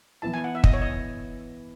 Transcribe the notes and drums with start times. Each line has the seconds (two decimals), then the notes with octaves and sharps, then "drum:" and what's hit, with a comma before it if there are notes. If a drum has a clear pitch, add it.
0.22 E3 B3 E4 A5
0.34 G#5
0.44 F#5
0.55 E5
0.64 D#5, drum: kick
0.74 C#5
0.82 D#5